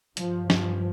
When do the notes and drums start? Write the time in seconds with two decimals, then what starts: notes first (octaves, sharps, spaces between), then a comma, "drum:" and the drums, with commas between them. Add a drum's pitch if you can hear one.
0.17 G2 F3, drum: hi-hat
0.50 F3, drum: snare